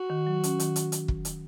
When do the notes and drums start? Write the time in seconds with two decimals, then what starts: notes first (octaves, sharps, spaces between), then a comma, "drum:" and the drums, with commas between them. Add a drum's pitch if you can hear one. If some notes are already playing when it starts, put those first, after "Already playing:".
Already playing: F#4
0.10 D#3
0.27 F#3
0.44 C#4, drum: hi-hat
0.60 D#3, drum: hi-hat
0.76 drum: hi-hat
0.92 drum: hi-hat
1.08 drum: kick
1.25 drum: hi-hat